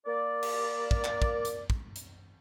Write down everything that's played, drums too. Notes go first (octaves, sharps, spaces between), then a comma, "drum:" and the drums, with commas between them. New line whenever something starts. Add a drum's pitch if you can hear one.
A#3 A#4 D5
drum: cymbal
drum: kick
drum: clap
drum: kick
drum: hi-hat
drum: kick
drum: hi-hat